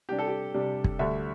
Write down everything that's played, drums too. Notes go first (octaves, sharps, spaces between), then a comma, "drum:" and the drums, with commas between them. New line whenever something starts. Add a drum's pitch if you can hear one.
C3 G3 D4 G4
A4
G4
C3 G3 D4
drum: kick
D2 D3 G3 E5